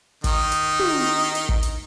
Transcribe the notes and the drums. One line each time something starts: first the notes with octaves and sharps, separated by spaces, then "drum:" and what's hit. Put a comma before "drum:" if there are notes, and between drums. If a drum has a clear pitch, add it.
D#3 D#4, drum: kick, hi-hat
drum: hi-hat
drum: tom
drum: hi-hat
drum: kick
drum: hi-hat